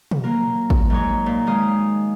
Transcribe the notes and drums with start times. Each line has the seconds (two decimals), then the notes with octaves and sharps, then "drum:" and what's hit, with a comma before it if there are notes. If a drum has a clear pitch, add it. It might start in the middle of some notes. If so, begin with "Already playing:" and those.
0.11 drum: tom
0.24 F#3 A#3 A#4
0.70 drum: kick A1
0.90 G#2 F#3 D#4 C#5
1.26 A#2
1.47 D#3 G#3 F5 D#6